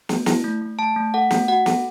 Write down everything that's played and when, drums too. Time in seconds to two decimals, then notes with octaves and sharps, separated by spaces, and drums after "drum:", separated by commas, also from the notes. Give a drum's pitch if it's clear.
0.09 A3, drum: snare
0.26 E4, drum: snare
0.44 A3
0.62 A3
0.79 A3 A5
0.96 A3
1.14 A4 F#5
1.31 A3, drum: snare
1.48 F#4 F#5
1.66 A4, drum: snare